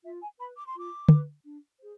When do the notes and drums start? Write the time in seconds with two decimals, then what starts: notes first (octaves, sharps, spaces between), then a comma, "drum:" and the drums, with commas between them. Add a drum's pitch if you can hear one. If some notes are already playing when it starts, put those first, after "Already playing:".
0.04 F4 E5
0.22 G#5
0.39 B4 B5
0.57 D6
0.67 C6
0.74 F4 D6
1.09 B4, drum: tom
1.44 D4
1.79 G#4 C5